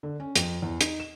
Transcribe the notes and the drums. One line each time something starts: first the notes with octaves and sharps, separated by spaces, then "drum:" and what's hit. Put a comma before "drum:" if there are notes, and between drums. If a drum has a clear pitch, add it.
D3
C#4
F2, drum: hi-hat
E2
D#4, drum: hi-hat
E7